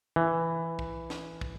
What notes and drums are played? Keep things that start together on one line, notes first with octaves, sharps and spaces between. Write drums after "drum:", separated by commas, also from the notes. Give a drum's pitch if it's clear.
E3
drum: kick
drum: snare
drum: kick